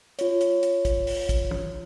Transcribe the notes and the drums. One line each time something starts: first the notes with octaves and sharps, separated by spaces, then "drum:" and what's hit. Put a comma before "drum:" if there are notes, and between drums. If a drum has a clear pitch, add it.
F4 C#5, drum: hi-hat
drum: hi-hat
drum: hi-hat
drum: kick, hi-hat
drum: open hi-hat
drum: kick, hi-hat
drum: tom